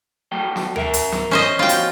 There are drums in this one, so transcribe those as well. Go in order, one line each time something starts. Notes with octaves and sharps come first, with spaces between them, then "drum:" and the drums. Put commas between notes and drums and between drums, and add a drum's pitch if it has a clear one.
F#3 A3 G5
drum: snare
A#4 E5, drum: tom D2
drum: hi-hat
drum: snare
C#4 C5 D#5, drum: snare
F#2 B2 F3 F4 G5
drum: hi-hat